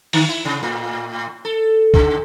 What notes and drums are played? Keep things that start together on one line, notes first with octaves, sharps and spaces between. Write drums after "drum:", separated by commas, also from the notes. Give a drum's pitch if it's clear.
D3, drum: open hi-hat
E4
C3
A2
A4
C#3, drum: kick